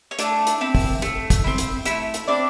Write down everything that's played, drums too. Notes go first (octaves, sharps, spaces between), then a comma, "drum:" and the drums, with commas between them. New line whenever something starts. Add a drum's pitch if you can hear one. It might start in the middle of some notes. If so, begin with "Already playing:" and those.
C#5
A3 D4 D5, drum: hi-hat
drum: hi-hat
C4 E4
drum: kick, open hi-hat
A3, drum: hi-hat
drum: kick, hi-hat
C4 E4
drum: hi-hat
A3 E4 E5, drum: hi-hat
drum: hi-hat
C4 D4 E4 D5